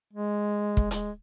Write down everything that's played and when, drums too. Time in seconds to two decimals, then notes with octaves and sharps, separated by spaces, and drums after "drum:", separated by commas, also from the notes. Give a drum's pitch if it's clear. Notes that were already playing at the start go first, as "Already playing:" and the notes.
0.13 G#3
0.77 drum: kick
0.91 G#3, drum: hi-hat